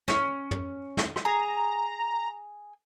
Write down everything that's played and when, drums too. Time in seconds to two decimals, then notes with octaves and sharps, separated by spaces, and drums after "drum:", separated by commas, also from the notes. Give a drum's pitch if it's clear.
0.08 C#4, drum: snare
0.51 drum: tom
0.97 drum: snare
1.16 drum: rim click
1.25 G#4 A#5